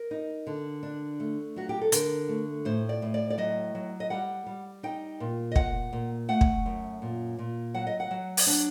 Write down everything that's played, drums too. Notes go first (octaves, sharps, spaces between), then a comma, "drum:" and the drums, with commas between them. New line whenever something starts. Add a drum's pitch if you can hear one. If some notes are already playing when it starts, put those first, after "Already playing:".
Already playing: A#4
D#4
D3
D4
A3
F#3 F#4
G4
A4
D3 A#4, drum: hi-hat
A3
A2 C5
D5
A2
D5
D5
F#3 D#5
F#3
D#5
G3 F#5
G3
D#4 G5
A#2
D#5
A#2 F#5, drum: kick
A#2
A3 F#5
drum: kick
F#2
A#2
A#2
F#3 F#5
D#5
F#5
F#3
drum: open hi-hat
D4